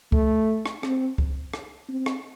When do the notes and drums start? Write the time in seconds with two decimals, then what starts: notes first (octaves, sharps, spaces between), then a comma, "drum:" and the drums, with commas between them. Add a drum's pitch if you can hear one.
0.12 A3, drum: kick C#2
0.66 drum: rim click
0.83 C4, drum: rim click
1.18 drum: kick C#2
1.54 drum: rim click
1.89 C4
2.06 drum: rim click